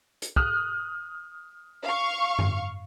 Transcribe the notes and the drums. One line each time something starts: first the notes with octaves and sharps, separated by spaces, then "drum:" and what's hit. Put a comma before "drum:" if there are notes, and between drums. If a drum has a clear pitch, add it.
drum: hi-hat
D#6 F6 F#6, drum: kick
F5 C#6
drum: tom F#2